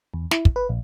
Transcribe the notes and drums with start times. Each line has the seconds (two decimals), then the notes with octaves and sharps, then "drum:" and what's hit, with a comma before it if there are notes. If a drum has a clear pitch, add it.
0.14 E2
0.31 E4, drum: snare
0.45 drum: kick
0.56 B4
0.69 A#1